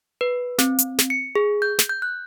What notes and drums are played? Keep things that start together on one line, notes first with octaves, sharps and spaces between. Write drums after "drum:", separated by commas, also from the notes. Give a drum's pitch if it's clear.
B4
C4, drum: snare
drum: hi-hat
drum: snare
C#7
G#4
G6
drum: snare
G6
F#6